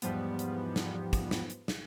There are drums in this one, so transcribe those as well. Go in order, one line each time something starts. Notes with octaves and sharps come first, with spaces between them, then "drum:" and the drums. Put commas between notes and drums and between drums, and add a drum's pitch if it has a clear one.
E2 G#2 F3 G3 B3, drum: hi-hat
drum: hi-hat
drum: snare
drum: kick, hi-hat
drum: snare
drum: hi-hat
drum: snare